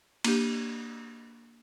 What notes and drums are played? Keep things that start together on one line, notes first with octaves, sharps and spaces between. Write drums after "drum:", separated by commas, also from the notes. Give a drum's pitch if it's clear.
A#3 D4 G4, drum: cymbal